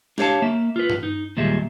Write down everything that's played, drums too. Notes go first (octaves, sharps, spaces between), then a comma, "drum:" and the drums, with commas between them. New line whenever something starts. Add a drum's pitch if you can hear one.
D4 G4 C#5 F5 A5, drum: snare
A#3 E5
F4 B4
drum: tom G2
D#4
D#2 A#2 G3 G#3 E5